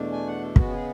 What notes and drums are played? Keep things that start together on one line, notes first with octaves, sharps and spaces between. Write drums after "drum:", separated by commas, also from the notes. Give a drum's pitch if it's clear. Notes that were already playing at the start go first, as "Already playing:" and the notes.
Already playing: E2 B2 A3 D4
G#5
F#5
A4
C#3 G#3 B3 F#4, drum: kick
G#4